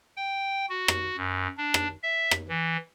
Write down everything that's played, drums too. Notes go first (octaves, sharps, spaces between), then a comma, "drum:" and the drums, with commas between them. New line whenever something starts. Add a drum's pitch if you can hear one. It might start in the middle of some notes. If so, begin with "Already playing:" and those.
G5
F#4
drum: rim click
F#2
D4
drum: rim click
E5
drum: rim click
E3